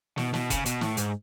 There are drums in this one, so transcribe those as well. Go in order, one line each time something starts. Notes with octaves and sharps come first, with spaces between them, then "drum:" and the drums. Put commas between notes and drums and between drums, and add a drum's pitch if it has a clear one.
B2, drum: snare
B2, drum: snare
C#3, drum: kick F1, hi-hat
B2, drum: hi-hat
A2, drum: snare
G#2, drum: hi-hat